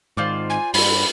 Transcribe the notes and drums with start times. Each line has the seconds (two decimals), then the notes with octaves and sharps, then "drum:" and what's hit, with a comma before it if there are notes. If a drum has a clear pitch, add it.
0.17 G#2 D#3 F4 C5 D5
0.50 G#5
0.74 G2 B5, drum: open hi-hat